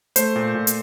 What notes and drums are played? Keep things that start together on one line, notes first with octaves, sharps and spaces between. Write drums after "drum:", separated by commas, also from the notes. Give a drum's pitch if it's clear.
A3 C5, drum: hi-hat
A#2
A#2
drum: hi-hat